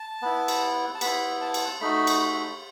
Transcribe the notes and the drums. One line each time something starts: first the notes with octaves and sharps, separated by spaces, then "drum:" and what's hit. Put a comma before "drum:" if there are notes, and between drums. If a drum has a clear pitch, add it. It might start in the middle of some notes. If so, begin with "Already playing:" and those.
Already playing: A5
B3 E4
drum: cymbal
A5
B3 E4 B5, drum: cymbal
A5
drum: cymbal
A3 D#4 F#4 B5
drum: cymbal
B5